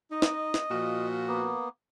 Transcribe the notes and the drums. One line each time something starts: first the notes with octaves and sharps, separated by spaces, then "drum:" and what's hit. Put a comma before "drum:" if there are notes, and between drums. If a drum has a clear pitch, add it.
D#4 D#5
drum: snare
drum: snare
A#2 F3 F#4
A#3 B3